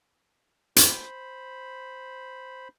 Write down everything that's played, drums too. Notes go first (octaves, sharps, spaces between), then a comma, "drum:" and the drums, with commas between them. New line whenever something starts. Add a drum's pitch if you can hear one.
C5 B5, drum: hi-hat